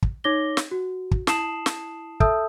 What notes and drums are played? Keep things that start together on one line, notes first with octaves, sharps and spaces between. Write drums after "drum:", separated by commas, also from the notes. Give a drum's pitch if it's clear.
drum: kick
D#4 C#5 D6 A#6 G7
drum: snare
F#4
drum: kick
E4 A5 D#6 C7 E7 F#7, drum: snare
drum: snare
A4 E5 A5 D#6 E6 G6, drum: kick